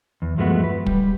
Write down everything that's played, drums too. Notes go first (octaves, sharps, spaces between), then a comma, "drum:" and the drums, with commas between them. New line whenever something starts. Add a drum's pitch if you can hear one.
E2
G2 F3 G#3 A3 B3 F#4
B4
G3, drum: kick